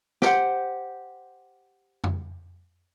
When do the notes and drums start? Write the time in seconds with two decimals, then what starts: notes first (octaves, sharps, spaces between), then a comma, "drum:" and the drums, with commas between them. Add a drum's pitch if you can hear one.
0.22 G4 C5 F#5, drum: snare
2.04 drum: tom F2